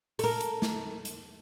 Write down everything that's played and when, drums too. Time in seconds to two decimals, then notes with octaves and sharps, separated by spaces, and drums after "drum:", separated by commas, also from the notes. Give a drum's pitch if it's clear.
0.19 A4 A#4, drum: open hi-hat
0.41 drum: hi-hat
0.62 drum: snare
1.05 drum: hi-hat